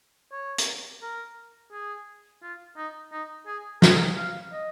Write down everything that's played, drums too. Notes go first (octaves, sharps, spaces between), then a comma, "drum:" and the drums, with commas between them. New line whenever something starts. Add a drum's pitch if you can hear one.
C#5
drum: hi-hat
A#4
G#4
F4
D#4
D#4
G#4
A#4, drum: snare
G#4
A#4
F5
D#5